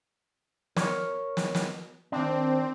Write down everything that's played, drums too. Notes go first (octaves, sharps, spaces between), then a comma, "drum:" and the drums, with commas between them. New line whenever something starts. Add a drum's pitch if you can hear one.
A#4 C#5, drum: snare
drum: snare
drum: snare
D#3 C4 D4